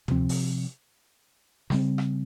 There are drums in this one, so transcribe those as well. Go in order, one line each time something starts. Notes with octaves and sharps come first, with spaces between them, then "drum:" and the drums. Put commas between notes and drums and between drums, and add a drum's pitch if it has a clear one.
C3 F3 C4, drum: tom D2
drum: open hi-hat
C#3 G3 C4, drum: snare
drum: rim click